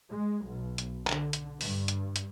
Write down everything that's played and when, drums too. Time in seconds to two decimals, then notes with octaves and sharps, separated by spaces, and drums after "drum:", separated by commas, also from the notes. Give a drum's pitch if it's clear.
0.11 G#3
0.47 B1
0.78 drum: hi-hat
1.07 D3, drum: clap
1.33 drum: hi-hat
1.61 G2, drum: open hi-hat
1.88 drum: hi-hat
2.16 drum: hi-hat